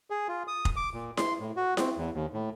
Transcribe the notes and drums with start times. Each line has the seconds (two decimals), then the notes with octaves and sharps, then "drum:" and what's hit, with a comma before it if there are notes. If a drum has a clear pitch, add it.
0.10 G#4
0.28 F4
0.48 D#6
0.65 drum: kick F1
0.76 D6
0.94 A#2
1.17 C6, drum: snare E4
1.40 A2
1.57 F#4
1.77 C4, drum: snare E4
1.97 E2
2.14 D#2
2.34 A2